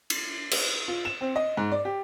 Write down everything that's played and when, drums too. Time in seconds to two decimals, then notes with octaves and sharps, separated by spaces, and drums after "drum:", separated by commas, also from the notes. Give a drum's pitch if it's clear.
0.10 drum: cymbal
0.51 drum: cymbal
0.88 F4
1.05 E7
1.21 C4
1.36 D#5
1.57 G#2
1.72 D5
1.85 G4